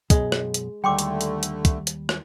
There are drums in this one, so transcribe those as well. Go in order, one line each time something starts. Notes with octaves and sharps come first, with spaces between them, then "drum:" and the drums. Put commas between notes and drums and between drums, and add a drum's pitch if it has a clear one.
B1 F#2 B2 G#3, drum: kick, hi-hat
drum: rim click
drum: hi-hat
D#2 D3 G3 A3 G5 C6 D6
drum: hi-hat
drum: hi-hat
drum: hi-hat
drum: kick, hi-hat
drum: hi-hat
drum: rim click